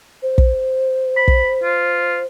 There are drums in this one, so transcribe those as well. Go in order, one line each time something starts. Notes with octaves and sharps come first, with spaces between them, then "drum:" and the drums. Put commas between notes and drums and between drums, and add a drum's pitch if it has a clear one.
C5
drum: kick
B5
drum: kick
F4